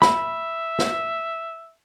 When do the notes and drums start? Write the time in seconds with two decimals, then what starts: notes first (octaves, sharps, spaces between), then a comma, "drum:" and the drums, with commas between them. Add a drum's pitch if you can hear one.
0.02 E5 B5, drum: snare
0.79 drum: snare